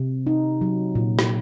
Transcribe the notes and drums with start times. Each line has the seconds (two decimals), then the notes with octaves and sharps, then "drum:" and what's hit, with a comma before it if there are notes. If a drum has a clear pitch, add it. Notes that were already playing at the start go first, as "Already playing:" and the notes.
Already playing: C3
0.27 D#4
0.61 F#3
0.95 A#2
1.19 drum: rim click